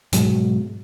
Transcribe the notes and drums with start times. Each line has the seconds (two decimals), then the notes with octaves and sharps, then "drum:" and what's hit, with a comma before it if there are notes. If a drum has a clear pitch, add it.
0.13 G#2 B2 F#3 G#3, drum: hi-hat